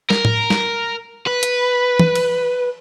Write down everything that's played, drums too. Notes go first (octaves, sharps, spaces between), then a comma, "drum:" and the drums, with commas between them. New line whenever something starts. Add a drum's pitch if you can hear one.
A#4, drum: snare
drum: tom A2
drum: snare
B4
drum: hi-hat
drum: tom E3
drum: cymbal